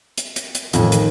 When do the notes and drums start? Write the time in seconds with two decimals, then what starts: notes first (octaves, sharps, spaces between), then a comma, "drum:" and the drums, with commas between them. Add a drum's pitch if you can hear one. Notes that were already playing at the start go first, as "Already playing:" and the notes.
0.18 drum: hi-hat
0.36 drum: hi-hat
0.55 drum: hi-hat
0.73 D#1 A1 F2, drum: hi-hat
0.92 drum: hi-hat